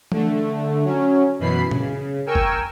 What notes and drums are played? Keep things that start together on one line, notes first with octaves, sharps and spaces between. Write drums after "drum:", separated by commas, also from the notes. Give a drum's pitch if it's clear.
D3 A3, drum: tom E3
F#3 C#4
F#2 B2 E3 B5 C7
C#3, drum: tom A#2
A#4 G5 G#5 C#6 E6
drum: kick F#1